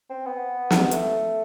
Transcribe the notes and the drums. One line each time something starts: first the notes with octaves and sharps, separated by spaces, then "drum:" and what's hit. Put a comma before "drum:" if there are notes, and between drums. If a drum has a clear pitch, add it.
C4
B3
drum: snare
A3, drum: hi-hat